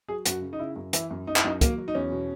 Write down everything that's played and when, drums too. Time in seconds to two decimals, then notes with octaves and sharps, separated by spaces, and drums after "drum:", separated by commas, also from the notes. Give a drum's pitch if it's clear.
0.08 F#3 G#4
0.26 F#2 F#4, drum: hi-hat
0.42 C#3
0.53 D#4
0.59 C#3 E4
0.76 F#2
0.93 E3 E4, drum: hi-hat
1.11 F#2
1.27 F#2 D#4
1.36 E4, drum: clap
1.44 F#2 D#4
1.61 F#3 A#3, drum: kick, hi-hat
1.78 F#3
1.88 D#4
1.95 E2 C#4
2.12 B2